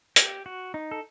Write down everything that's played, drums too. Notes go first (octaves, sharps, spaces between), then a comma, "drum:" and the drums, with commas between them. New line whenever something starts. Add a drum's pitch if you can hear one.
G4, drum: hi-hat
F#4
D#4
A4